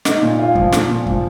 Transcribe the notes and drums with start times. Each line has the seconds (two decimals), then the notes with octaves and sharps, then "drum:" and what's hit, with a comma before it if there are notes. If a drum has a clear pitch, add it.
0.05 D#4, drum: snare
0.22 A#2
0.39 F4
0.55 F3, drum: kick
0.72 A#2, drum: snare
0.89 A#2
1.06 F3, drum: kick